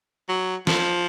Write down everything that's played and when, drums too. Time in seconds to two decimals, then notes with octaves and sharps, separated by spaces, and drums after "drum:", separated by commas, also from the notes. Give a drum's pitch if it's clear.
0.29 F#3
0.67 F3, drum: snare